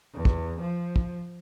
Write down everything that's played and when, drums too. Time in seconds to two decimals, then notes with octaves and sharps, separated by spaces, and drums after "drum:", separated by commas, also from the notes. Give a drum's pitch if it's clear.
0.14 E2
0.25 drum: kick
0.60 F3
0.96 drum: kick